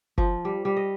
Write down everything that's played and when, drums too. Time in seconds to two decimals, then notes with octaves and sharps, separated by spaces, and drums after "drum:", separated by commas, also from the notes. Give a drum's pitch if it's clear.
0.18 F3, drum: kick F#1
0.45 G3
0.65 G3
0.77 D#5